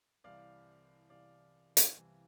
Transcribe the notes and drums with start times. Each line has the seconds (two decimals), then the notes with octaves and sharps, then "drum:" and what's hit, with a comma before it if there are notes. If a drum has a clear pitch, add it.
0.24 C2 C3 E3 D5 F5
1.10 C2 C3 E3 D5 F5
1.77 drum: hi-hat
1.96 C2 C3 E3